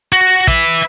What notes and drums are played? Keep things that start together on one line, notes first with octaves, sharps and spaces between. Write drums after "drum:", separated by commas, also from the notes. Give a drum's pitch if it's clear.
F#4
B4 E5, drum: kick